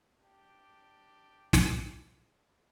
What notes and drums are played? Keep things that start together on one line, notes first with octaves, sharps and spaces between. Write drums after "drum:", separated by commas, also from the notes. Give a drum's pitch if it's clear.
D4 G4
drum: snare